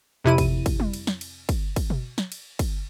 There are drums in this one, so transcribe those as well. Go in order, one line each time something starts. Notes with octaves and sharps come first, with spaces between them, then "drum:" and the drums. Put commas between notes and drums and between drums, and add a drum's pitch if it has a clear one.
F2 C3 E4 D#7
drum: kick, cymbal
drum: kick, cymbal
drum: tom G3
drum: cymbal
drum: snare
drum: cymbal
drum: kick, cymbal
drum: kick, cymbal
drum: tom B2
drum: snare
drum: cymbal
drum: kick, cymbal